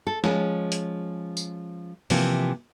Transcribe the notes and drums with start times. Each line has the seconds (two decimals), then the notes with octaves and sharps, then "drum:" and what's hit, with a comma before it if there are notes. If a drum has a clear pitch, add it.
0.07 A4
0.24 F3 G#3 C#4, drum: snare
0.72 drum: hi-hat
1.37 drum: tambourine
2.10 C3 E3 F3 A#3, drum: open hi-hat